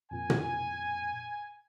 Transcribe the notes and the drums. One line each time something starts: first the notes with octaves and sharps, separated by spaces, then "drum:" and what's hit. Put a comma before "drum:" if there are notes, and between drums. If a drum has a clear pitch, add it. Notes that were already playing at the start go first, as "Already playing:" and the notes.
F2 A#2 G#5
drum: tom A#2